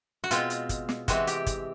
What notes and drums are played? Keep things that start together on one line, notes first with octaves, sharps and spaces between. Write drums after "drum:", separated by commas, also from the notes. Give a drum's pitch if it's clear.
F#4
B2 G#3 C4 F4, drum: hi-hat
drum: hi-hat
drum: kick, hi-hat
drum: snare
C3 E3 G#3 C4 F#4, drum: kick, hi-hat
G4, drum: hi-hat
drum: kick, hi-hat